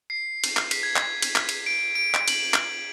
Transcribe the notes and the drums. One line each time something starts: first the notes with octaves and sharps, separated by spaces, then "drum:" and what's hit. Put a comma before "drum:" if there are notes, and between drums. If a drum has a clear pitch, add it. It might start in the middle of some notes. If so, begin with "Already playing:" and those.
C7
drum: cymbal
drum: clap
B6, drum: cymbal
G#6
drum: clap
drum: cymbal
drum: clap
drum: cymbal
D7
D7
drum: clap
F#7, drum: cymbal
drum: clap